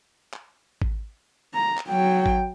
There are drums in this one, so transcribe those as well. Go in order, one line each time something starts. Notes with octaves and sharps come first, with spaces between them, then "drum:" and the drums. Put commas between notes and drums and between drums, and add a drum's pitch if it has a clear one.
drum: clap
drum: kick G#1
A#5
drum: clap
F#3 G5
drum: kick G#1